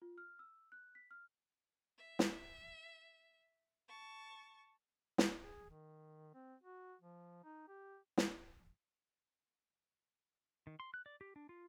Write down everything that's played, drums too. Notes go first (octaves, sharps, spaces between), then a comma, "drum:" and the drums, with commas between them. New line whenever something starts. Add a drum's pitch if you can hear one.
F4
F6
E6
F#6
B6
F6
E5
drum: snare
A5 C#6
drum: snare
G#4
D#3
C4
F#4
F3
D#4
G4
drum: snare
D#3
C6
F#6
D5
G4
D4
F4